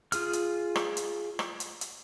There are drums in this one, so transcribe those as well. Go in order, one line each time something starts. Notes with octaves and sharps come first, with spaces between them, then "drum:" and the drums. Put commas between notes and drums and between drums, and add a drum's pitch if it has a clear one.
F4 G#4 F6, drum: hi-hat
drum: hi-hat
drum: rim click
drum: hi-hat
drum: rim click
drum: hi-hat
drum: hi-hat